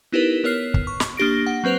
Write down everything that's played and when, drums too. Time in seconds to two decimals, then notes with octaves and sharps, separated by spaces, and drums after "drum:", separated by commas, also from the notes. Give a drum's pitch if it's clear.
0.12 B3 D#4 E4 G4 A#4 B4
0.44 B3 A#4 C#5 F6 C7
0.74 drum: kick
0.87 C#6
1.00 drum: snare
1.17 A#3 D4 G4 A#6 D7
1.46 F#5
1.64 F#3 C4 B4 C5 F7